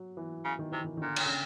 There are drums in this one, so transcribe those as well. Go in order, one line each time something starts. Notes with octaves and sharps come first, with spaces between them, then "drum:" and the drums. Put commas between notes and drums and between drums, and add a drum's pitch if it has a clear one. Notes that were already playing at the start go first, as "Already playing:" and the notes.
Already playing: F#3
E3
C#3
D#3
C3 E3
D#3
D#3
A#2 D3
drum: cymbal
C#3
D3